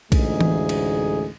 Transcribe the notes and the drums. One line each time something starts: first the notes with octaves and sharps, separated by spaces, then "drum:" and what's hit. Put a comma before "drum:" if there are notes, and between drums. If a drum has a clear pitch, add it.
A1 D2 G#3 D#4 G#4, drum: kick B1, cymbal
drum: tom E3
drum: cymbal